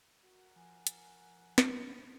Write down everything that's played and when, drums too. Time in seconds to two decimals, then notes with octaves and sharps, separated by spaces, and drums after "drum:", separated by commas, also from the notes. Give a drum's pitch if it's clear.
0.23 F#4 A#4 F#5
0.56 F3 G#5
0.87 drum: hi-hat
1.58 drum: snare